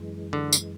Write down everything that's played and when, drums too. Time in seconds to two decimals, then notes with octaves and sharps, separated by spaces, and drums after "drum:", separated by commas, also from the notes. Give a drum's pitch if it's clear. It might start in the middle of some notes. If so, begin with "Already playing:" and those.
Already playing: F#2 E3 G#3
0.33 D3
0.53 drum: tambourine